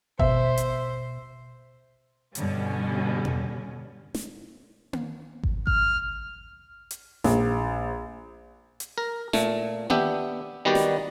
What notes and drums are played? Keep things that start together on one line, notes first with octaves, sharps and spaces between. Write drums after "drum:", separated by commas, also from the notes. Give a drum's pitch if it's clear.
B2 C5 E5, drum: kick G#1
drum: hi-hat
G2 B2 D3 G3 C#4, drum: hi-hat
drum: tom
drum: snare
drum: tom A#3
drum: kick G#1
F6, drum: kick G#1
drum: hi-hat
A#1, drum: snare
drum: hi-hat
A#4
A#2 A3, drum: snare
B3 D4 G4 E5, drum: tom A#3
D#3 G3 B3 F#4 G4 D5
drum: snare